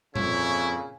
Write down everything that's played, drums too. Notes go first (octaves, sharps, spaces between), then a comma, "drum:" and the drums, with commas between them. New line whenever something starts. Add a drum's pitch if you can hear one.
F2 A#2 C#3 E4 C#5, drum: tom A#2